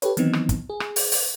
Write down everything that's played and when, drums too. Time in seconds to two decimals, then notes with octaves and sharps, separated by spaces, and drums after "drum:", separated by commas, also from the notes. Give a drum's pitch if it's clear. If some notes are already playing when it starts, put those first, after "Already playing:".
0.02 G4 A4 B4 C#5, drum: hi-hat
0.17 D#3 E3 F#3 B3 C4 D#4, drum: hi-hat
0.33 drum: rim click
0.49 drum: kick, hi-hat
0.70 G#4
0.80 drum: rim click
0.96 drum: open hi-hat
1.12 drum: open hi-hat